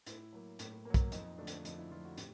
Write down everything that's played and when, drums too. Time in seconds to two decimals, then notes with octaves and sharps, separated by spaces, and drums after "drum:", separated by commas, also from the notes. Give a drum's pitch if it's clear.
0.06 A2 E4, drum: hi-hat
0.33 F#3 A#3
0.59 A2, drum: hi-hat
0.85 F#3 A#3
0.94 drum: kick B1, hi-hat
1.12 F2 D#4, drum: hi-hat
1.38 D3 F3 A3 D4
1.47 drum: hi-hat
1.65 F2 D#4, drum: hi-hat
1.78 E4
1.91 D3 F3 A3 F4
2.05 F#4
2.18 A2 G4, drum: hi-hat